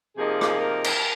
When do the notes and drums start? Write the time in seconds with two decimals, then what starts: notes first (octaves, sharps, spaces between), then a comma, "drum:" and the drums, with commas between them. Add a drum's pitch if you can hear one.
0.16 C3 F3 A#3 D#4 G#4
0.41 drum: rim click
0.60 A#4
0.84 drum: cymbal